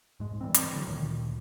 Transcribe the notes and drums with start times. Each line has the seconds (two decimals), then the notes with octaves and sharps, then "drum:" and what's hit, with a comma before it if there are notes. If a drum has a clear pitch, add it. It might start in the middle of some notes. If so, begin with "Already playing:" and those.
0.20 G#2 G#3
0.41 E3 G3 C4
0.54 drum: hi-hat
0.73 D3 F#3
0.87 D2 A#2 D#3